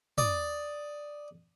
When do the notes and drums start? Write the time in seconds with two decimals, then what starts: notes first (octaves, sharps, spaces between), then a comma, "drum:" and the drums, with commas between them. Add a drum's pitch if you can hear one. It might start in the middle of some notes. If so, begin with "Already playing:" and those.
0.18 D5 D#6, drum: tom